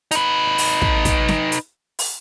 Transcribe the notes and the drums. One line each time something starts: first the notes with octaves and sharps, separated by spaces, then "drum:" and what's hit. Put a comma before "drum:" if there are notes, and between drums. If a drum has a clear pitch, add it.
D#4 B4, drum: hi-hat
drum: open hi-hat
drum: kick
drum: kick, hi-hat
drum: snare
drum: hi-hat
drum: open hi-hat